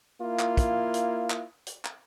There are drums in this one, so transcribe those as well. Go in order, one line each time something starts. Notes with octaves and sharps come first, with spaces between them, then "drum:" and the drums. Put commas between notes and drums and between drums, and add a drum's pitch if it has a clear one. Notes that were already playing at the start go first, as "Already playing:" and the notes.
A#3 E4 F4
drum: clap
drum: kick, hi-hat
drum: hi-hat
drum: clap
drum: hi-hat
drum: clap